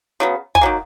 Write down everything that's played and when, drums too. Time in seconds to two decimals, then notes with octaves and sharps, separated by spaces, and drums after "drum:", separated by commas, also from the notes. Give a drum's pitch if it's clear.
0.20 C#3 F#3 B3
0.55 G#5, drum: kick
0.61 D#3 F#3 A#3